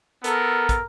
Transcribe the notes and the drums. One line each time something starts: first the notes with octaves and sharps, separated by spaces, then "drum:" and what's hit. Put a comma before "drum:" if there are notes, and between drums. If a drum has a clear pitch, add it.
B3 A4 A#4, drum: hi-hat
drum: kick, hi-hat